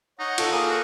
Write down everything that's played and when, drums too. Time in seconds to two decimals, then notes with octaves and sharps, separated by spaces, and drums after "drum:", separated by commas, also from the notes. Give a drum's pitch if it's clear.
0.19 D#4 C#5 F#5
0.38 F4 A4, drum: cymbal
0.52 A#3 G#4 A#4 D#6
0.69 F#4